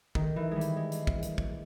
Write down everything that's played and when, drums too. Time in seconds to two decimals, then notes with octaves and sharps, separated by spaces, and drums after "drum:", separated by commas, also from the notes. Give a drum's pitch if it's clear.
0.15 D#3, drum: kick
0.36 E3
0.51 G3 G#3
0.61 drum: hi-hat
0.76 G#3
0.92 drum: hi-hat
1.07 drum: kick
1.23 drum: hi-hat
1.38 drum: kick